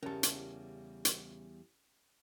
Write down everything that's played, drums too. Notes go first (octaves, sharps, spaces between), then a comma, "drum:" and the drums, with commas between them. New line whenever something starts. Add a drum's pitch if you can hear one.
E2 C#3 G3 C#4 G4 A#4 A5
drum: hi-hat
drum: hi-hat